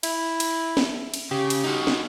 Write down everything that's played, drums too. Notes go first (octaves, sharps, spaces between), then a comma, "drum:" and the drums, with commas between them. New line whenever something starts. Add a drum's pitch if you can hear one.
E4, drum: cymbal
drum: cymbal
drum: snare
drum: cymbal
C#3 G4
drum: cymbal
D#4 F#4
drum: snare